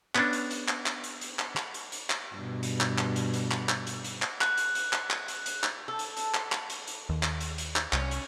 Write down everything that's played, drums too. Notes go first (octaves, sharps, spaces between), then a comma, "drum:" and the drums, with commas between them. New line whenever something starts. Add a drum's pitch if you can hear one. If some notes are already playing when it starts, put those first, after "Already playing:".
B3 C#4 D4, drum: clap
drum: hi-hat
drum: hi-hat
drum: clap
drum: clap
drum: hi-hat
drum: hi-hat
drum: clap
drum: clap
drum: hi-hat
drum: hi-hat
drum: clap
G2 B2
drum: hi-hat
drum: clap
drum: clap
drum: hi-hat
drum: hi-hat
drum: clap
drum: clap
drum: hi-hat
drum: hi-hat
drum: clap
F#6, drum: clap
drum: hi-hat
drum: hi-hat
drum: clap
drum: clap
drum: hi-hat
drum: hi-hat
drum: clap
A4
drum: hi-hat
drum: hi-hat
drum: clap
drum: clap
drum: hi-hat
drum: hi-hat
D#2
drum: clap
drum: hi-hat
drum: hi-hat
drum: clap
C2 C#4, drum: clap
drum: hi-hat